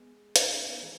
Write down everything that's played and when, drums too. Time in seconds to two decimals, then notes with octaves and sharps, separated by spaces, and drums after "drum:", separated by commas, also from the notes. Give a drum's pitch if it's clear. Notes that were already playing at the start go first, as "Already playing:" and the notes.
Already playing: G#3 B3
0.36 drum: hi-hat
0.53 A3 C#4
0.67 B3 D#4
0.81 E3 G#3